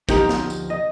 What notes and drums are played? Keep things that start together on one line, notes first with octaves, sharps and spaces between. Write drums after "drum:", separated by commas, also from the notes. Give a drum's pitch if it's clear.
D2 F3 D#4 G4 A#4, drum: kick, tambourine
drum: snare
drum: tambourine
D#5